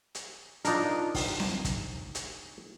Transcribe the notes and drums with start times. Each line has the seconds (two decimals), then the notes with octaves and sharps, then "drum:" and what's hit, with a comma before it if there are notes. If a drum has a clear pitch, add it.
0.15 drum: hi-hat
0.65 D4 D#4 F4 A#4, drum: hi-hat
1.15 drum: kick, open hi-hat
1.40 drum: snare C4
1.65 drum: kick, hi-hat
2.15 drum: hi-hat